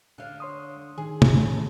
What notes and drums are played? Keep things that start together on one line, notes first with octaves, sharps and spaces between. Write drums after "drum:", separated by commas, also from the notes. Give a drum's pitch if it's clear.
D3 F5
C#5 C6 D#6
D#3 G#4
drum: tom
A2 C#3